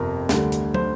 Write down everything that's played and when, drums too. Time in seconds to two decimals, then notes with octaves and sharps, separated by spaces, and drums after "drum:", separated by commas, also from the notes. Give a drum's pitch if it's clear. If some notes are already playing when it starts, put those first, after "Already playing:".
Already playing: G1 F2 C3 A#4
0.29 D2 D3 G3, drum: snare
0.52 drum: hi-hat
0.74 C5, drum: tom